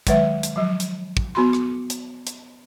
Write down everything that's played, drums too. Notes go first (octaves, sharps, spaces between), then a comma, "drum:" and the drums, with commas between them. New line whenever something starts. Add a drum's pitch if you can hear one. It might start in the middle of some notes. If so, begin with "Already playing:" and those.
D#3 F#3 G#3 B4 E5, drum: kick, hi-hat
drum: hi-hat
F3 F#3
drum: hi-hat
drum: kick
B3 F#4 B5 C6
drum: rim click
drum: hi-hat
drum: hi-hat